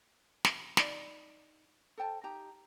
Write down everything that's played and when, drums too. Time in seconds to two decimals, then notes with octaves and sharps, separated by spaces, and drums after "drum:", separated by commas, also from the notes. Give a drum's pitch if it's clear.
0.45 drum: snare
0.77 D#4 D5 B5, drum: snare
1.98 A4 C5 G5 A5
2.23 D#4 G4 A#5